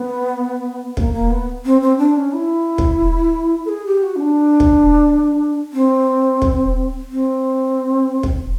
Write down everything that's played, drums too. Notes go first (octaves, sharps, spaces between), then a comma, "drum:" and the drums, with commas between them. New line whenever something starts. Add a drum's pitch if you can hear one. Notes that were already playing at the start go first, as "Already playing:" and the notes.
Already playing: B3
A#3, drum: kick
A#3
B3
C4
C4
D4
C#4
E4
drum: kick
A4
G#4
G4
F#4
C#4
D4
drum: kick
C4
drum: kick
C4
drum: kick